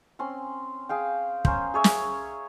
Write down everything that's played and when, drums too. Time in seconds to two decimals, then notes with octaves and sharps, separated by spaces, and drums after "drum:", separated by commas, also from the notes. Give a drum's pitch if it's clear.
0.19 C4 C#4 C6
0.89 G#4 F5 G5
1.45 C#4 A#4 C5, drum: kick
1.74 G#4 C#5 E5
1.84 drum: snare